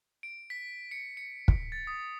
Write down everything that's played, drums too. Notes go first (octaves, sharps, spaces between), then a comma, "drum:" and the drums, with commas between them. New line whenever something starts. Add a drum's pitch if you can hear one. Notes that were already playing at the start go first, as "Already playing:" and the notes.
D7
B6
C#7
C#7
drum: kick
A6
D#6